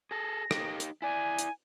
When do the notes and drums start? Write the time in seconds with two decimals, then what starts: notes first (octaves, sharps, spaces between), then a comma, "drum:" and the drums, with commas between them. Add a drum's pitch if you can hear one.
0.11 G#4 A4 A#6
0.51 D#4 G4, drum: rim click
0.80 drum: hi-hat
1.02 E4 D5 G#5
1.39 drum: hi-hat